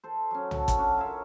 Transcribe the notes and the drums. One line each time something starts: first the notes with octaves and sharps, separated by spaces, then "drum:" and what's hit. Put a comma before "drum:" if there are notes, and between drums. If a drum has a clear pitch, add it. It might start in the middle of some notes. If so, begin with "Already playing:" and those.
A4 C5
F#3 C#4
F#4 A4, drum: tom
drum: kick, hi-hat
C#4 D4 F#4
F4 A#4 C#5 E5